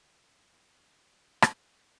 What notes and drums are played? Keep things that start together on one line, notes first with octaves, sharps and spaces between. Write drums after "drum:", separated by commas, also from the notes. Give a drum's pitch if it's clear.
F2
G2
G#2
G2
G#2
drum: rim click